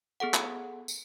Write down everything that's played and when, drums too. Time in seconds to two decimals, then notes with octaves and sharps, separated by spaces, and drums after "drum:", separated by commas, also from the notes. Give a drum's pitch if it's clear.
0.20 B3 G#4 A4 F#5
0.34 drum: clap
0.88 drum: tambourine